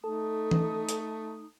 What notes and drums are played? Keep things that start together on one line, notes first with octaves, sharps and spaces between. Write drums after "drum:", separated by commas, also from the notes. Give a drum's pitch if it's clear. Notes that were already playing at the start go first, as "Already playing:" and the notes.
A3 D#4 A4 D#6
drum: tom E3
drum: hi-hat